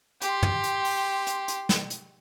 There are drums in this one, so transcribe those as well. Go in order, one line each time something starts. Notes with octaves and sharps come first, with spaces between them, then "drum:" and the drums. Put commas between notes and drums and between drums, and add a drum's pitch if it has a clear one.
G4 C6, drum: hi-hat
drum: tom
drum: hi-hat
drum: open hi-hat
drum: hi-hat
drum: hi-hat
drum: snare
drum: hi-hat